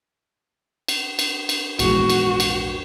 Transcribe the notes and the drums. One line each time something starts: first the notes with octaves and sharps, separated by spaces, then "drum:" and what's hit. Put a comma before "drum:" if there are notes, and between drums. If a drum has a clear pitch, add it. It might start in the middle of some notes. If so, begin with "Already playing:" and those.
drum: cymbal
drum: cymbal
drum: cymbal
A#1 E2 G#2 F#4, drum: cymbal
drum: cymbal
drum: cymbal